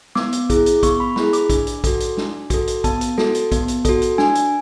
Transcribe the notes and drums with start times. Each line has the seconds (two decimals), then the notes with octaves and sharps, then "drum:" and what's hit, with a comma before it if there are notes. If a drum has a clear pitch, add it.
0.15 B3 D6, drum: snare
0.32 drum: hi-hat
0.50 E4 G#4, drum: kick A#1, hi-hat
0.66 drum: hi-hat
0.83 B3 C#6, drum: kick A#1, hi-hat
1.00 B5
1.16 E4 G#4 B5, drum: snare
1.33 D6, drum: hi-hat
1.50 D4, drum: kick A#1, hi-hat
1.67 drum: hi-hat
1.84 F#4 A4, drum: kick A#1, hi-hat
2.00 drum: hi-hat
2.17 D4, drum: snare
2.50 F#4 A4, drum: kick A#1, hi-hat
2.67 drum: hi-hat
2.84 B3 A5, drum: kick A#1, hi-hat
3.01 drum: hi-hat
3.18 F#4 A4, drum: snare
3.35 drum: hi-hat
3.52 B3, drum: kick A#1, hi-hat
3.68 drum: hi-hat
3.85 F#4 A4, drum: kick A#1, hi-hat
4.02 drum: hi-hat
4.18 D4 G#5, drum: snare
4.35 drum: hi-hat